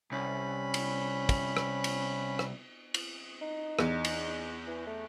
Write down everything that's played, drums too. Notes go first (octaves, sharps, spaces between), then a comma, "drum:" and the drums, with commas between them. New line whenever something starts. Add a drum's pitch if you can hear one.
C2 C#4 B5
drum: cymbal
drum: kick, cymbal
drum: rim click
drum: cymbal
drum: rim click
drum: cymbal
D#4
E2, drum: rim click
drum: cymbal
E3
A3